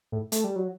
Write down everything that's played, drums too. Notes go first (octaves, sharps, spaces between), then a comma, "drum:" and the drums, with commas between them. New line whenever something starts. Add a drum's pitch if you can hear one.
A2
A3, drum: hi-hat
G3
F#3